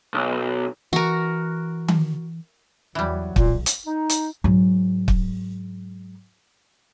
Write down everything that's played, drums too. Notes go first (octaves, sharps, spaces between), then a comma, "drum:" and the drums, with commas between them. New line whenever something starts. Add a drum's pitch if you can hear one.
B1
E3 F#4 A#4
drum: tom D#3
E2 E3 F#3 G3
B1 A#2, drum: kick
drum: hi-hat
D#4
drum: hi-hat
G#2 F#3
drum: kick